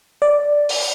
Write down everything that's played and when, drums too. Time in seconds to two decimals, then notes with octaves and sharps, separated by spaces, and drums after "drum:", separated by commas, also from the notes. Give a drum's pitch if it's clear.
0.22 D5
0.69 drum: open hi-hat